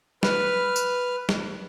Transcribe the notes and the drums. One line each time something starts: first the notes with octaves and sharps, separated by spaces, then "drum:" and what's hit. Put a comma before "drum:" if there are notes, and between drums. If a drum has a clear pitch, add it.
B4 F6, drum: snare
drum: tambourine
drum: snare